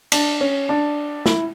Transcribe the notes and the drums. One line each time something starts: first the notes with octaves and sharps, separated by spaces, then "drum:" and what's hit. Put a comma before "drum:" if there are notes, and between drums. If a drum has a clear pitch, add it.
D4, drum: cymbal
C#4
D4
E4, drum: snare